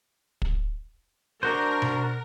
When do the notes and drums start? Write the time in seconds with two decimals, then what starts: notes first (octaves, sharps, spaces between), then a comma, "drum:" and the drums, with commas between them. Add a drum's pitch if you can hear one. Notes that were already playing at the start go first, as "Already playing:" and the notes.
0.42 drum: kick
1.43 D4 F#4 A#4 C5
1.82 drum: tom B2